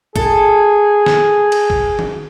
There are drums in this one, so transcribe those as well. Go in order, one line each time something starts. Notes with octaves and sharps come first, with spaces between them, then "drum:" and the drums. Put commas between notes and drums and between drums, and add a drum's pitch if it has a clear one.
G#4 A4, drum: kick
drum: snare
drum: cymbal
drum: kick
drum: tom D#3